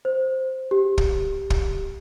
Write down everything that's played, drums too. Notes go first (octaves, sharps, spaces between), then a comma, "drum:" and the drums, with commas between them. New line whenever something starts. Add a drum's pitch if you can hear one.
C5
G4
drum: kick
drum: kick